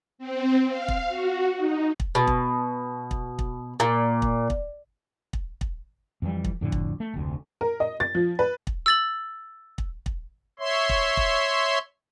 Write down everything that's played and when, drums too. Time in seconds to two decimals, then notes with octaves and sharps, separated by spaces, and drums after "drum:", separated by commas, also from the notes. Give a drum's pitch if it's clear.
0.18 C4
0.69 F5
0.88 drum: kick
1.09 F#4
1.57 D#4
2.00 drum: kick
2.15 B2
2.27 drum: kick
3.11 drum: kick
3.39 drum: kick
3.80 A#2
4.22 drum: kick
4.50 drum: kick
5.33 drum: kick
5.61 drum: kick
6.22 F2 E3 G3
6.45 drum: kick
6.61 F2 A2 D3
6.72 drum: kick
7.00 A3
7.14 F1 D2
7.61 A#4
7.80 D#5
8.00 A6
8.15 F3
8.39 B4
8.67 drum: kick
8.86 E6 A6 F#7
9.78 drum: kick
10.06 drum: kick
10.59 C#5 E5 C6
10.89 drum: kick
11.17 drum: kick